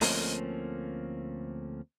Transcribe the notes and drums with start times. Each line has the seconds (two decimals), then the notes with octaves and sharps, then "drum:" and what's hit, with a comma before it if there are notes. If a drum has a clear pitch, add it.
0.01 D2 F3 A3 A#3 C4 C#4, drum: open hi-hat